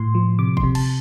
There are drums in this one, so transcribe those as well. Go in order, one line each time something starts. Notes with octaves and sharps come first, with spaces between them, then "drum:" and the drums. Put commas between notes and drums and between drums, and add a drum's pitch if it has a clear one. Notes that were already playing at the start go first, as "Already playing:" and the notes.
Already playing: A2 C6
F3
C3 D6
C6, drum: kick
C3
A5, drum: cymbal